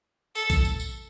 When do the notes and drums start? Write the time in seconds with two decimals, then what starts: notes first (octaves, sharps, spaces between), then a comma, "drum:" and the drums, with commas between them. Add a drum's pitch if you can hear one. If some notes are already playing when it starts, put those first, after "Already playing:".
0.35 A4, drum: tambourine
0.50 drum: kick A#1, tambourine
0.65 drum: tambourine
0.80 drum: tambourine